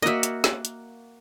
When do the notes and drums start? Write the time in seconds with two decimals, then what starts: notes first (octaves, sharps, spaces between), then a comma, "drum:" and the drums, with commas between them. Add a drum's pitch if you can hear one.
0.02 A#3 F#4 D#5 E5
0.23 drum: hi-hat
0.44 drum: snare
0.65 drum: hi-hat